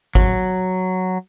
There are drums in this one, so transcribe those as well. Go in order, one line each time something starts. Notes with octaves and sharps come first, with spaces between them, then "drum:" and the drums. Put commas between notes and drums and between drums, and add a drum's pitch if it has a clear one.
F#3, drum: kick G#1